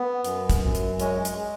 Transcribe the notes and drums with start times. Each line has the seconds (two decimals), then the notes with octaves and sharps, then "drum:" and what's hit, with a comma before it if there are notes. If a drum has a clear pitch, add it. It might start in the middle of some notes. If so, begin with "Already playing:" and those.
Already playing: B3
0.25 F#2, drum: hi-hat
0.50 drum: kick, hi-hat
0.62 F#2
0.75 drum: hi-hat
1.00 G#3 C#4, drum: hi-hat
1.25 drum: hi-hat
1.38 G#3